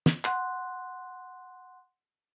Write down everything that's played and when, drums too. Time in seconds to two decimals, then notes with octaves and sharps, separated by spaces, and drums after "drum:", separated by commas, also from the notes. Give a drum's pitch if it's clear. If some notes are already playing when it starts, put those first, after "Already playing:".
0.06 drum: snare
0.25 F#5 C6 F#6, drum: clap